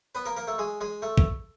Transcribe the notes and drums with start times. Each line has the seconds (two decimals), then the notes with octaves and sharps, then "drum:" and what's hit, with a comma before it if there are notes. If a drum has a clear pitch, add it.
0.15 B3 B4
0.26 A#3 A#4
0.37 A#3 A#4
0.47 A3 A4
0.58 G#3 G#4
0.81 G#3 G#4
1.02 A3 A4
1.18 drum: kick